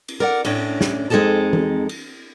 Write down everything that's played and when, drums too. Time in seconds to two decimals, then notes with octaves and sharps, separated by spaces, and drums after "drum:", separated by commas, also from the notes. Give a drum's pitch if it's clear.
0.08 drum: cymbal
0.20 A#4 D5 F#5
0.45 A2 C#4 D4, drum: cymbal
0.81 drum: snare
1.10 F2 G#3 C4 D#4 A4 A5
1.53 drum: tom E3
1.89 drum: cymbal